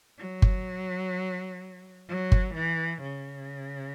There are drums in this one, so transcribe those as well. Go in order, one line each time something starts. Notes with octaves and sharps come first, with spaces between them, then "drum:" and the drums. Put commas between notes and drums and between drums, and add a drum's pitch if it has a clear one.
F#3
drum: kick G1
F#3
drum: kick G1
E3
C#3